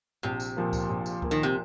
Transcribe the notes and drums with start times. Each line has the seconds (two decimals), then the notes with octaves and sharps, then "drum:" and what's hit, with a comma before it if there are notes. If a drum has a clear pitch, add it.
0.23 A#1 C3
0.40 drum: tambourine
0.57 A#2 F3 A#3
0.73 drum: kick C#2, tambourine
0.89 A#1
1.06 drum: tambourine
1.22 A#2 F3 A#3, drum: kick C#2
1.31 D#3
1.43 C3